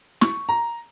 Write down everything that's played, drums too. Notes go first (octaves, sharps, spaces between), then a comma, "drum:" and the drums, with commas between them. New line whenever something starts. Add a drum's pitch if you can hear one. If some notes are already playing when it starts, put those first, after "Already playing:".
C#6, drum: snare
A#5